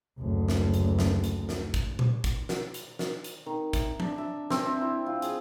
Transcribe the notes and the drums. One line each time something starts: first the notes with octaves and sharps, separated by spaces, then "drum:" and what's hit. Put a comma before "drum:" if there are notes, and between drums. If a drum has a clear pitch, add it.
F#1 D2
drum: snare
drum: hi-hat
drum: snare
drum: hi-hat
drum: snare
drum: kick, hi-hat
drum: tom A#2
drum: kick, hi-hat
drum: snare
drum: hi-hat
drum: snare
drum: hi-hat
D#3
E5, drum: kick, hi-hat
D4, drum: tom F3
E5
C4, drum: snare
E5
E4
F4
G#4, drum: hi-hat